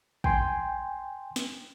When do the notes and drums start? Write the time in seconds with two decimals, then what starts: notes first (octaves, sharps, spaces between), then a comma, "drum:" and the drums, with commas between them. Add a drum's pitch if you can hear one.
0.24 G5 G#5 C6, drum: kick
1.36 drum: snare